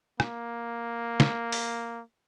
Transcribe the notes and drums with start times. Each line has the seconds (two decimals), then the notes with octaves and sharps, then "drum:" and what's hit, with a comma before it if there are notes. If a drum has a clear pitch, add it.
0.20 A#3, drum: rim click
1.20 drum: snare
1.52 drum: open hi-hat